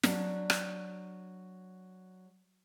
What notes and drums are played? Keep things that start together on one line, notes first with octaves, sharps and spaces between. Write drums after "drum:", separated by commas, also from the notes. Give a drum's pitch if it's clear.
F#3 D4, drum: snare
drum: rim click